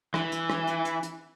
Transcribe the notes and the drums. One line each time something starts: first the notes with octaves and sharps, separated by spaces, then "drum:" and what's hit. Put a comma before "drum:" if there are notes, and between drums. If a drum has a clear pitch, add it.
E3, drum: rim click
drum: hi-hat
drum: rim click
drum: hi-hat
drum: hi-hat
drum: hi-hat